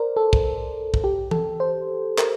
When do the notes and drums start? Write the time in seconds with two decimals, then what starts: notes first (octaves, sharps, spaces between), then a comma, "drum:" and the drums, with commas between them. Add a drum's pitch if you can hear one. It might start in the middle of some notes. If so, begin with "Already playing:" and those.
Already playing: A#4 C5 D5
0.16 A4
0.33 drum: kick
0.94 drum: kick
1.04 G4
1.31 A4, drum: tom E3
1.60 C5
2.18 A#4, drum: clap